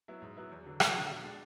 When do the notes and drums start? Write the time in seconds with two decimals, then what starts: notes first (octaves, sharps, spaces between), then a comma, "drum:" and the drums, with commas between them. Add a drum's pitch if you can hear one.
0.08 F#3 B3 E4
0.22 G#2
0.37 F#3 B3 E4
0.51 E2
0.66 D3 F#3
0.80 E2, drum: rim click
0.96 D3 F#3
1.09 B2
1.24 G#3 D4